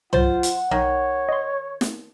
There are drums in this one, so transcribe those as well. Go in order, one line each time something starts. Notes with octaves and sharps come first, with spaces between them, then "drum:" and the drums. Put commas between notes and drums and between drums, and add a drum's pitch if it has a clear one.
F#3 F4 C5 F#5 A6, drum: tom C2
drum: hi-hat
B1 D#3 C#5
D#5 C6
drum: snare